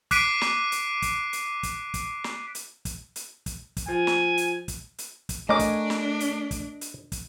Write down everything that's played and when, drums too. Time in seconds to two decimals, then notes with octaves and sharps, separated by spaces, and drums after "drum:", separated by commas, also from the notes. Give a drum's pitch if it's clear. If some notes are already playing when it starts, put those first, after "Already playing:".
0.11 D6 F#6 B6 C7 D7 D#7, drum: kick, hi-hat
0.41 drum: snare
0.72 drum: hi-hat
1.02 drum: kick, hi-hat
1.33 drum: hi-hat
1.63 drum: kick, hi-hat
1.94 drum: kick, hi-hat
2.24 drum: snare
2.55 drum: hi-hat
2.85 drum: kick, hi-hat
3.16 drum: hi-hat
3.46 drum: kick, hi-hat
3.77 drum: kick, hi-hat
3.88 F3 G#5
4.07 drum: snare
4.38 drum: hi-hat
4.68 drum: kick, hi-hat
4.98 drum: hi-hat
5.29 drum: kick, hi-hat
5.49 A3 D4 A#4 C#5 D#5 G#5 D6
5.59 drum: kick, hi-hat
5.90 drum: snare
6.20 drum: hi-hat
6.51 drum: kick, hi-hat
6.81 drum: hi-hat
7.12 drum: kick, hi-hat